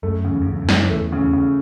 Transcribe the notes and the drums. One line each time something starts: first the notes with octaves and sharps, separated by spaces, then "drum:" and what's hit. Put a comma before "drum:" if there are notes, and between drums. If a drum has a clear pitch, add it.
F#2 A3
C#3
E2
F#2
E2 C#3
F#2
E3, drum: snare
E2 A3
C#3
E2
C#3